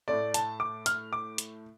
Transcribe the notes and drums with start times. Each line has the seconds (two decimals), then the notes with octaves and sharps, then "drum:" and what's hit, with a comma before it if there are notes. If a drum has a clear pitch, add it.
0.08 A2 A3 D5
0.34 A5, drum: hi-hat
0.60 D6
0.86 F6, drum: hi-hat
1.13 D6
1.38 drum: hi-hat